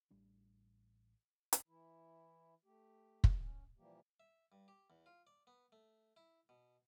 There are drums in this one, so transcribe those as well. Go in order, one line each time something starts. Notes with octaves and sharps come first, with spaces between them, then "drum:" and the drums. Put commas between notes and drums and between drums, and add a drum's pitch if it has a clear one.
A1 G3 D4
drum: hi-hat
E3 E4
A3 G4
drum: kick
C#4
A#2 E3 F3 G3 A#3 G4
E5
G2
G4
E2
F4
D5
B3
A3
E4
B2